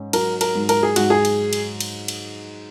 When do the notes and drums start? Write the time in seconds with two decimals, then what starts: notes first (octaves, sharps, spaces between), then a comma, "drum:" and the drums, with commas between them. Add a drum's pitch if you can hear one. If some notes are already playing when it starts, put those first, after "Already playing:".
Already playing: G#2 C#4
0.13 F#3 A#4, drum: cymbal
0.41 A#4, drum: cymbal
0.55 G#2
0.69 A#4, drum: cymbal
0.83 G#4
0.96 G#2 F#4, drum: cymbal
1.10 G#4
1.25 drum: cymbal
1.53 drum: cymbal
1.80 drum: cymbal
2.08 drum: cymbal